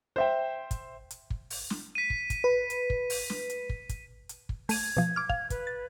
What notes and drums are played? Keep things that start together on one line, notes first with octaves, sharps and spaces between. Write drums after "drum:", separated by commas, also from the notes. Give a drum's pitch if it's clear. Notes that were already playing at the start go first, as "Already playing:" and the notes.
C5 E5 G5
drum: kick, hi-hat
drum: hi-hat
drum: kick
drum: open hi-hat
drum: snare
B6 D#7
drum: kick
drum: kick, hi-hat
B4
drum: hi-hat
drum: kick
drum: open hi-hat
drum: snare
drum: hi-hat
drum: kick
drum: kick, hi-hat
drum: hi-hat
drum: kick
A3 G#6 D#7, drum: open hi-hat
B2 F3
D6 F6
F5, drum: kick
B4, drum: kick, hi-hat
A6